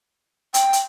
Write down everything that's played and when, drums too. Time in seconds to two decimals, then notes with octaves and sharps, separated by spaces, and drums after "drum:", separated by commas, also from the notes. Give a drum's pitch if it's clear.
0.54 G5, drum: hi-hat
0.73 drum: hi-hat